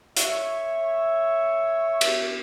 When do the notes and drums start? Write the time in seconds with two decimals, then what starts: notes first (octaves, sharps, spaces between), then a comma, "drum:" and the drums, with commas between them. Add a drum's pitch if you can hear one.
0.17 C#5 E5, drum: hi-hat
2.01 drum: cymbal